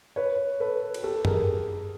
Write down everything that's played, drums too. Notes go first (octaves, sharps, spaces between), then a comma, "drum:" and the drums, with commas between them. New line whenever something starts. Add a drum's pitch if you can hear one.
B4 C#5
A4 B4
drum: cymbal
G4 A4
G#4 A#4, drum: tom F#2